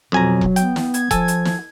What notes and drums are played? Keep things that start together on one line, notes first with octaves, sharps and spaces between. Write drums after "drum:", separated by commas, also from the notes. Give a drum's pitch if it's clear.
F2 B2 F#3 G#5 A#5
drum: kick E1
B3 G5, drum: hi-hat
drum: snare
G#6, drum: hi-hat
F3 A4 G#5, drum: kick E1, hi-hat
drum: hi-hat
drum: snare